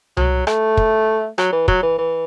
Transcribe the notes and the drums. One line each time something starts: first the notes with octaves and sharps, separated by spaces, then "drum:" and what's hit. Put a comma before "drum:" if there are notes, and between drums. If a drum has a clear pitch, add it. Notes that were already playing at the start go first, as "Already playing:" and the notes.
F#3, drum: tom C2
A3, drum: rim click
drum: kick
F#3, drum: rim click
E3
F#3, drum: kick
E3
E3